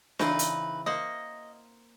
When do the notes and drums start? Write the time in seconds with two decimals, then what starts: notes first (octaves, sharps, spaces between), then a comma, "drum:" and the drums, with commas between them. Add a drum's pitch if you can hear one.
0.19 C#3 E3 C4 D#4 B4, drum: snare D4
0.39 drum: hi-hat
0.86 A#3 C5 D#5 F#5